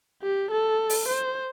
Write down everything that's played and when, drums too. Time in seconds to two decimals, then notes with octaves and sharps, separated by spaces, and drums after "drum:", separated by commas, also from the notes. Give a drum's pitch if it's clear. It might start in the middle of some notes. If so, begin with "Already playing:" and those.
0.22 G4
0.51 A4
0.90 drum: open hi-hat
1.08 C5